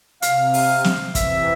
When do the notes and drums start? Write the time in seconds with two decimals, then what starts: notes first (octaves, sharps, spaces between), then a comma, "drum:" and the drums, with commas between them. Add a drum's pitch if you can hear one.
0.22 C3 F5, drum: hi-hat
0.54 drum: open hi-hat
0.84 drum: snare
1.15 C3 E3 E5, drum: kick, hi-hat